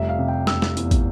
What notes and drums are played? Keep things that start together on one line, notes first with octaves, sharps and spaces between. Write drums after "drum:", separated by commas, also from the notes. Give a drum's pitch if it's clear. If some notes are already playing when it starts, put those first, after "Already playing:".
Already playing: F1 G3 E5
F5
C3
G5
F1 E6, drum: snare
drum: snare
E2, drum: hi-hat
drum: kick, hi-hat